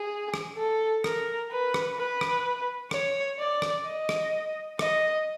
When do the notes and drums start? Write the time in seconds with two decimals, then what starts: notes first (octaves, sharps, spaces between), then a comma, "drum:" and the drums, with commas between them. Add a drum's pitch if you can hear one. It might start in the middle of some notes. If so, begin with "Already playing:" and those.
Already playing: G#4
0.34 drum: rim click
0.57 A4
1.04 A#4, drum: rim click
1.51 B4
1.74 drum: rim click
1.98 B4
2.21 drum: rim click
2.91 C#5, drum: rim click
3.39 D5
3.62 drum: rim click
3.86 D#5
4.09 drum: rim click
4.79 D#5, drum: rim click